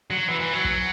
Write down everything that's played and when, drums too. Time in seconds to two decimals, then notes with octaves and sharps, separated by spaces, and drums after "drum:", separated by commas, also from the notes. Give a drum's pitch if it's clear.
0.11 F#3
0.29 E3
0.40 E3
0.53 F#3
0.65 drum: kick